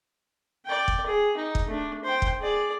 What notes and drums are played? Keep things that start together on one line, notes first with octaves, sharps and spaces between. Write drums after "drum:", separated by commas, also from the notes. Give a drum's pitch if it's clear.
D5 G5
drum: kick
G#4
D#4
drum: kick
A3 D4
C5 G5
drum: kick
G#4 D5